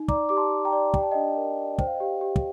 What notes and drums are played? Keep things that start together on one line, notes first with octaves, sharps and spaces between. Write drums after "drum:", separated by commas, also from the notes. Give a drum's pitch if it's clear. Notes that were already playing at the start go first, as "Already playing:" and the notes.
Already playing: D#4
D5 A#5 D6, drum: kick
G4 D6
A5 C6
G4
G5 A#5
D5
G4 G5, drum: kick
A5
D4 D#5 G5
A#4
D5
C5 G5, drum: kick
F5
D#5
G4 F5
G4
drum: kick